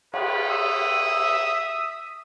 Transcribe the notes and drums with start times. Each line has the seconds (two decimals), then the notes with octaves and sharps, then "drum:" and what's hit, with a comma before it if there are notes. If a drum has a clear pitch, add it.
0.14 F4 G4 G#4 B4, drum: cymbal
0.49 E5 D#6